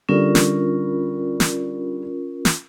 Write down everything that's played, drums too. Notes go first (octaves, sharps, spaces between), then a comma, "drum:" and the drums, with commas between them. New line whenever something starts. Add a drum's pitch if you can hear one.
D3 G3 C#4 F4 A#4
drum: snare
drum: snare
drum: snare